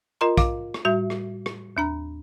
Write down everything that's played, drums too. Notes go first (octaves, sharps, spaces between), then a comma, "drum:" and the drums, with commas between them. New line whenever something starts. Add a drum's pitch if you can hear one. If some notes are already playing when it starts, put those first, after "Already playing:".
F4 A#4 D#5 A#5 C6
F5 D6, drum: kick, hi-hat
drum: rim click
A2 G3 F#4 E5
drum: rim click
drum: rim click
D#2 D4 A#5